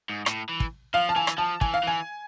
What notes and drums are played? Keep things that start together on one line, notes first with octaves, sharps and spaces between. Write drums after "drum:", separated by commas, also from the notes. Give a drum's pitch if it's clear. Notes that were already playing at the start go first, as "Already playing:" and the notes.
G#2
A2, drum: rim click
E3
drum: kick
F3 F5
A5
E3 G#5
drum: rim click
F3 A5
E3 G#5, drum: kick
F5
E3 G#5